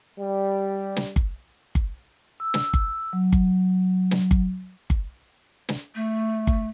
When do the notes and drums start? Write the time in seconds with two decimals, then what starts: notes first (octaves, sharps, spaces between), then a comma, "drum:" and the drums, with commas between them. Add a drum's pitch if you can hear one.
0.19 G3
0.96 drum: snare
1.16 drum: kick G1
1.75 drum: kick G1
2.40 E6
2.54 drum: snare
2.74 drum: kick G1
3.13 F#3
3.33 drum: kick G1
4.11 drum: snare
4.31 drum: kick G1
4.90 drum: kick G1
5.69 drum: snare
5.95 A3
6.47 drum: kick G1